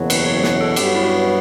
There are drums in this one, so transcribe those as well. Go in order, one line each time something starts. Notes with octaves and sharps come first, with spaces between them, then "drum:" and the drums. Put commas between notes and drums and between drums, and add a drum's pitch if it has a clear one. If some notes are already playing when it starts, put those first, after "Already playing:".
Already playing: F#1 E2 B2 F#3
B4, drum: cymbal
C#5
B4, drum: snare
A4
G2 F#3 B3 G4, drum: cymbal
F#4
E4
F#4